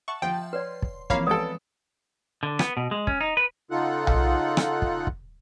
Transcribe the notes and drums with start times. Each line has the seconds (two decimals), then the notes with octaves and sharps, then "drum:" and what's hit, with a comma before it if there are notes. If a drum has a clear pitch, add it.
0.08 E5 F#5 A5 C#6
0.22 F3 G5
0.53 B4 C#5 D5 C6
0.82 drum: kick
1.10 E3 F3 A#3 C4 C#5 F5 A#5 B5, drum: kick
1.27 G#3 B3 A4 B4 D5 D#6 D7
2.43 D3
2.59 B3, drum: rim click
2.77 B2
2.91 G#3
3.07 C#4, drum: kick
3.21 D#4
3.37 B4
3.71 C#3 D#4 F4 A4 F#5 F#6
4.07 drum: tom B1
4.57 drum: rim click
4.82 drum: kick
5.07 drum: kick